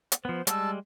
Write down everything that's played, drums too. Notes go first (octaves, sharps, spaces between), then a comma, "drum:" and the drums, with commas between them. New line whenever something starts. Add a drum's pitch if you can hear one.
drum: hi-hat
F3 B3 C5
G3 G#3 A5 E6, drum: hi-hat